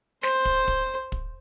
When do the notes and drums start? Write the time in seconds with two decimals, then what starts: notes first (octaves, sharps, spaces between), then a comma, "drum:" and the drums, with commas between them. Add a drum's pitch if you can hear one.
0.23 C5, drum: snare
0.45 drum: kick
0.68 drum: kick
1.12 drum: kick